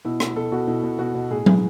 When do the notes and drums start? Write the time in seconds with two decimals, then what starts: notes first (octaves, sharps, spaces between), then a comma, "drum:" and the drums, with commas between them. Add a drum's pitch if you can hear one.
0.05 B2 E4
0.20 B2 E4, drum: rim click
0.36 B2 A4
0.52 B2 F#4
0.67 B2 E4
0.83 B2
0.99 B2 F#4
1.15 B2
1.31 A2 G#4
1.46 E3, drum: tom F#3